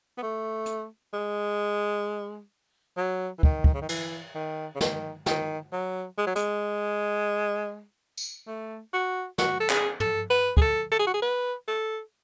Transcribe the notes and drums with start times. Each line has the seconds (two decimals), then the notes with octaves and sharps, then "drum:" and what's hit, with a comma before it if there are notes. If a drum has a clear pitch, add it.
0.18 B3
0.22 A3
0.66 drum: hi-hat
1.14 G#3
2.97 F#3
3.38 E3
3.43 D#3, drum: kick
3.64 drum: kick
3.74 C#3
3.81 D#3
3.89 E3, drum: cymbal
4.35 D#3
4.75 C#3
4.81 D#3, drum: snare
5.26 D#3, drum: snare
5.72 F#3
6.18 G#3
6.27 F#3
6.35 G#3, drum: hi-hat
8.17 drum: tambourine
8.47 A3
8.93 F#4
9.38 F#4, drum: snare
9.60 A4
9.70 G#4, drum: clap
10.00 A4, drum: tom
10.30 B4
10.57 G#4, drum: kick
10.61 A4
10.92 A4
10.99 G#4
11.07 F#4
11.14 G#4
11.22 B4
11.68 A4